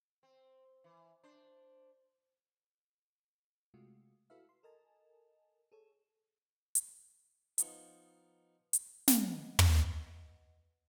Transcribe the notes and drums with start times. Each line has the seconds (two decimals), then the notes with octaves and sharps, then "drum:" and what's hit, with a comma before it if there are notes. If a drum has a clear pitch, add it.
0.23 C4
0.84 E3
1.23 D4 C5
3.74 C3 G#3 A3 F4 F#4
4.30 E4 F#4 A4 B4 E5 F5
4.49 C6
4.63 A4 A#4 D#5 G#5 A5
5.72 G#4 A4 C#5
6.75 drum: hi-hat
7.58 F3 B3 D#4, drum: hi-hat
8.73 drum: hi-hat
9.08 B4 D#5 F#5, drum: snare
9.59 drum: tom